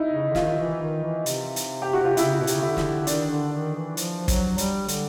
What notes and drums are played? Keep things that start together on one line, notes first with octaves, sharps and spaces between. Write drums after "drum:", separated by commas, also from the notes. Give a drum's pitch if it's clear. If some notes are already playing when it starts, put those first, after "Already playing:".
Already playing: D#4 E4
C#3
D3
D#3 F4, drum: snare
E3
D#3
E3
C3, drum: hi-hat
drum: hi-hat
G4
F#4
F4
C#3 E4, drum: hi-hat
B2
C3, drum: hi-hat
C#3
D3 E4
drum: snare
D3
D#3 D4, drum: hi-hat
D3
D#3
E3
F3, drum: hi-hat
F#3, drum: kick, hi-hat
G3, drum: hi-hat
D3, drum: hi-hat